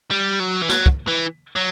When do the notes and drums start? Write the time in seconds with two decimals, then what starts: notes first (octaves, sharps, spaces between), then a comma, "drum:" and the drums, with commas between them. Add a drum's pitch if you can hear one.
0.11 G3
0.40 F#3
0.62 E3
0.69 F#3, drum: snare
0.86 drum: kick
1.08 E3
1.56 F#3